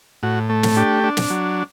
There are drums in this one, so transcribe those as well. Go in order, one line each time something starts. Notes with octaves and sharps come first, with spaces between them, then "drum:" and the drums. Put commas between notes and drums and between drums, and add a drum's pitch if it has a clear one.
A2 F#4
A3
drum: snare
D4 G4
D4
drum: snare
F#3